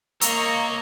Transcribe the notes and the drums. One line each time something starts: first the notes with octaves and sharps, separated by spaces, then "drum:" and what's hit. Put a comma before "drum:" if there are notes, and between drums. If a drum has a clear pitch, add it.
A#3 C#5 D#5 A#5 C#6 E6, drum: hi-hat